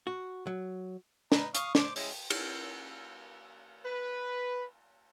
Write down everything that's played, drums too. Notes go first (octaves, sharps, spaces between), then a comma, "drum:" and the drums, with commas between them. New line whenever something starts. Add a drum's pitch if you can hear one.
F#4
F#3
D#4 B4 A#5, drum: snare
F5 C#6 D#6, drum: hi-hat
C5 D6, drum: snare
G#3 C#4 E4, drum: open hi-hat
drum: cymbal
B4